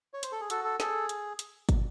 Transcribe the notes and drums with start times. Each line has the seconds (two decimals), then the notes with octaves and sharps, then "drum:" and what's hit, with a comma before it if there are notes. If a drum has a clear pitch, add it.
0.14 C#5
0.23 C5, drum: hi-hat
0.32 A4
0.41 G#4
0.50 F#4 A4, drum: hi-hat
0.64 A4
0.80 G#4 A4, drum: snare
1.09 drum: hi-hat
1.39 drum: hi-hat
1.69 drum: kick, hi-hat